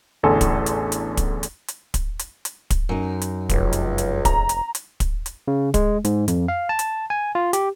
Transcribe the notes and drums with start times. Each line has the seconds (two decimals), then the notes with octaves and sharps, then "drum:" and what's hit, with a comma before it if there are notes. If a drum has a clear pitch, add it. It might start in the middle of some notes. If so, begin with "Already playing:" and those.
0.23 A1 E2 D3 A4 G#5 C6
0.41 drum: kick, hi-hat
0.66 drum: hi-hat
0.92 drum: hi-hat
1.17 drum: kick, hi-hat
1.43 drum: hi-hat
1.68 drum: hi-hat
1.94 drum: kick, hi-hat
2.19 drum: hi-hat
2.45 drum: hi-hat
2.70 drum: kick, hi-hat
2.89 F#2 D#4
3.22 drum: hi-hat
3.49 F1 C#2, drum: kick, hi-hat
3.73 drum: hi-hat
3.98 drum: hi-hat
4.25 A#5, drum: kick, hi-hat
4.49 drum: hi-hat
4.75 drum: hi-hat
5.00 drum: kick, hi-hat
5.26 drum: hi-hat
5.48 C#3
5.74 G#3, drum: kick, hi-hat
6.05 G#2, drum: hi-hat
6.28 F2, drum: hi-hat
6.48 F5
6.69 A5
6.79 drum: hi-hat
7.10 G#5
7.35 F4
7.53 G4, drum: hi-hat